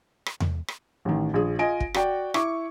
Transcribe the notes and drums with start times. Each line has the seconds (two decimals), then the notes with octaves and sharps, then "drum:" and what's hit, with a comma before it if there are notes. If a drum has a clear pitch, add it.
0.26 drum: rim click
0.40 drum: tom E2
0.68 drum: rim click
1.05 A1 D#3
1.34 A#1 G#4
1.59 F4 D#5 G#5 D7
1.80 drum: kick
1.94 F#4 D5 G5, drum: rim click
2.34 E4 C#6 D6, drum: rim click